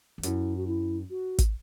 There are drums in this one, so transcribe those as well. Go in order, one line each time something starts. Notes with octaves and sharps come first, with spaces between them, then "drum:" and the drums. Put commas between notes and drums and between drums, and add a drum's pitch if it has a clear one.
E2
F#2 E4 F#4, drum: hi-hat
F#4
E4
F#4
drum: kick, hi-hat